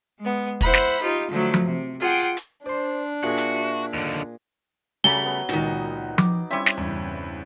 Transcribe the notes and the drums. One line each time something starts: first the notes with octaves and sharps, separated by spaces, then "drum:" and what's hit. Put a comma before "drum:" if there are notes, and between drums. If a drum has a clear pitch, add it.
G#3 B3
E4 C5 F#5 B5, drum: kick
drum: snare
D#4 F4 G4
D3 F3 F#3 A3
drum: tom F3
C3
F4 G#4 F#5 G5
drum: hi-hat
D4 C5 D5 C6
A#2 F#4 G#4 E5
drum: hi-hat
D#2 D3
C#3 F#3 G3 A3 G#5 A#5 B5 G7
B3
C#2 A#2 D#3 D#4 F#4, drum: hi-hat
D6, drum: tom F3
G3 C4 C#4 E4 E5
drum: snare
E2 G2 C#3